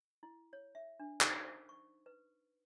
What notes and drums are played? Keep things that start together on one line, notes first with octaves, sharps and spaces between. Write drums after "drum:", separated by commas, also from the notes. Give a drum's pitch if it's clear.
E4
C#5
E5
D4
D#4, drum: clap
C5
C#6
B4